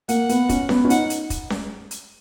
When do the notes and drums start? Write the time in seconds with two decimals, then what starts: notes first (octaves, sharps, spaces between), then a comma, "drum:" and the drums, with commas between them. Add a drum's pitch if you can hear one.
0.09 A#3 F#5, drum: hi-hat
0.29 B3, drum: hi-hat
0.49 C#4, drum: kick, hi-hat
0.69 B3, drum: snare C#4
0.85 C#4
0.90 D#4 F#5, drum: hi-hat
1.10 drum: hi-hat
1.30 drum: kick, hi-hat
1.50 drum: snare C#4
1.91 drum: hi-hat